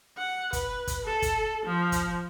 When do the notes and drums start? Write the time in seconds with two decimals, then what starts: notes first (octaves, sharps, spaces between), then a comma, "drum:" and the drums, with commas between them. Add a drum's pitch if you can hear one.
0.18 F#5
0.53 B4, drum: kick, hi-hat
0.87 drum: kick, hi-hat
1.05 A4
1.22 drum: kick, hi-hat
1.66 F3
1.92 drum: kick, hi-hat